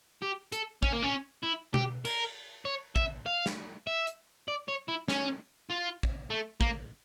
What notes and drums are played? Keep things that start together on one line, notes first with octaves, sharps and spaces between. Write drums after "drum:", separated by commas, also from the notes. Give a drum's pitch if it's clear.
G4
A4, drum: hi-hat
C#4, drum: kick
A#3
C#4
E4
G4, drum: tom B2
A#4, drum: cymbal
C#5
E5, drum: kick
F5
drum: snare
E5
drum: hi-hat
D5
C#5
E4
C#4, drum: snare
F4
drum: kick
A3
A#3, drum: kick